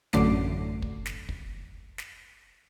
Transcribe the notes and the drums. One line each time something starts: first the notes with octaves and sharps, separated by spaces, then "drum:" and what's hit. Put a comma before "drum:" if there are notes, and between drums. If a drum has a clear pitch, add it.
A1 F#2 D3 A3 D6 C7, drum: snare
drum: kick
drum: snare
drum: kick
drum: snare